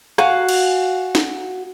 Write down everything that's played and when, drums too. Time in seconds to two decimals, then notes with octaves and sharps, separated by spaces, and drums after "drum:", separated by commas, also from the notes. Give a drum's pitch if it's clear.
0.18 F#4 F5 G#5, drum: rim click
0.49 drum: cymbal
1.15 drum: snare